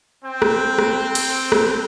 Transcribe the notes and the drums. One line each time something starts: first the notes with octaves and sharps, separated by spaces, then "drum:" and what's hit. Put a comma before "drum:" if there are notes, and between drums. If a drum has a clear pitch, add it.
C4 G5
drum: rim click
drum: rim click
drum: cymbal
drum: rim click